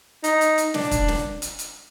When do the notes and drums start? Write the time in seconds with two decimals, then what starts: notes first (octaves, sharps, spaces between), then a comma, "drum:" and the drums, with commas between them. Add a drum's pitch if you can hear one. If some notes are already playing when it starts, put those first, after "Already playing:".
0.24 D#4, drum: hi-hat
0.41 drum: hi-hat
0.58 drum: hi-hat
0.74 D4, drum: snare
0.91 drum: kick, hi-hat
1.08 drum: snare
1.42 drum: hi-hat
1.59 drum: hi-hat